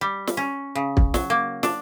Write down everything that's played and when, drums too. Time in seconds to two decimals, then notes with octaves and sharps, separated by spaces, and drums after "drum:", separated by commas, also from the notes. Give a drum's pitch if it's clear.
0.01 G3
0.27 drum: snare
0.37 C#4
0.75 C#3
0.97 drum: kick
1.14 F#3, drum: snare
1.30 A#3
1.63 D4, drum: snare